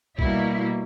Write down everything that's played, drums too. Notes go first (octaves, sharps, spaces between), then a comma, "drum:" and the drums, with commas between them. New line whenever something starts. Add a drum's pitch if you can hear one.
B2 G3 A#3 E4, drum: kick